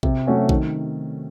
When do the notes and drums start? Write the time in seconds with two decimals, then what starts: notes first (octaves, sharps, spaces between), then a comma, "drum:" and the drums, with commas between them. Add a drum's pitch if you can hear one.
0.03 C3, drum: kick A#1
0.27 F#3 A3 C#4 F#4
0.49 D#3, drum: kick A#1